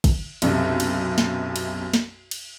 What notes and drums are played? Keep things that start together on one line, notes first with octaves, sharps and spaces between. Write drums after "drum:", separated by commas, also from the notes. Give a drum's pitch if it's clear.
drum: kick, cymbal
B1 F#2 C3, drum: cymbal
drum: cymbal
drum: snare
drum: cymbal
drum: snare
drum: cymbal